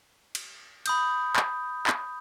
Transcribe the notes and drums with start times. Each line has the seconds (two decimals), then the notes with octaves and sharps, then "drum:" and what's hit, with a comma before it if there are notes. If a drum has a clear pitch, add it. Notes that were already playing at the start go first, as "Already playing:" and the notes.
0.35 drum: cymbal
0.86 B5 D#6 G6, drum: cymbal
1.36 drum: clap
1.87 drum: clap